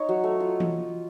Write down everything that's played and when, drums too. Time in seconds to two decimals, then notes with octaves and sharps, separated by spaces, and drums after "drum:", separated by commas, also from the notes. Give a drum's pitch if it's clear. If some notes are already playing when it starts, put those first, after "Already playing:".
Already playing: D#4 C#5
0.09 F#3
0.24 A3
0.40 F4
0.60 drum: tom E3